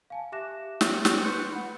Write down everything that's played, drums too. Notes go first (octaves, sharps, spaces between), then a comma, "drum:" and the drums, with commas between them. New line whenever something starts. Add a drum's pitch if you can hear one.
F5 G#5 A5
G4 E5 D6 F#6 A#6 E7
drum: snare
drum: snare
B4 C6 C#6 F#6 G6 C#7
F#5 B5